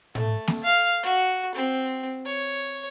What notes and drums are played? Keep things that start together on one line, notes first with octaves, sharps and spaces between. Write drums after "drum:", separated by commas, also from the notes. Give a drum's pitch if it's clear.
A3, drum: tom A2
drum: snare A#3
F5
F#4, drum: hi-hat
C4
C#5